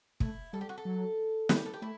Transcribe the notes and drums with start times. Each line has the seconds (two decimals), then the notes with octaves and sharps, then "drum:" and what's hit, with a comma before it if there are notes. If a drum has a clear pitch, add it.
0.20 A3 E4, drum: kick
0.53 G3 A4
0.61 G4
0.69 F#4
0.78 A4
0.85 F#3
1.49 G3 B4, drum: snare
1.57 G4
1.66 A4
1.73 G4
1.82 A3 E4